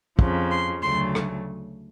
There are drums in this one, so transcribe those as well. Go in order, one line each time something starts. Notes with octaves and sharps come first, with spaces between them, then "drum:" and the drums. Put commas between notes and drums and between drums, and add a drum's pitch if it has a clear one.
F2 C#3 F3, drum: kick
C6
D2 C#3 F#3 A3 C6
drum: rim click